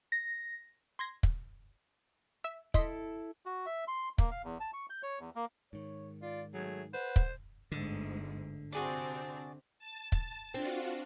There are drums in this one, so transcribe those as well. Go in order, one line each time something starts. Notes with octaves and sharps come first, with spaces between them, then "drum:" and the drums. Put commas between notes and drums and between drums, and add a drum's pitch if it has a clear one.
A#6
C6 G#6 A#6
drum: kick
E5 E6
E4 A4 D#5 C6 B6, drum: kick
F#4
E5
C6
A#3, drum: kick
F5
E2
A5
C#6
G6
C#5
E2
A#3
G#2 D#3 C#5
F4 D5
F#3 A3 G#4
B4 C5 F#5
drum: kick
G1 D2 G#2 D3
C3 C4 D4 F#4 G#4 D5
A5
drum: kick
C4 D4 F4 F#4